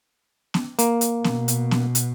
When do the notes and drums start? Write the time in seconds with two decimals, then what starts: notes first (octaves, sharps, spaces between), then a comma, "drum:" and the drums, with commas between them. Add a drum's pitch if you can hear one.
0.54 drum: snare B3
0.79 A#3, drum: hi-hat
1.01 drum: hi-hat
1.24 B2, drum: snare B3
1.48 drum: hi-hat
1.71 drum: snare B3
1.95 drum: hi-hat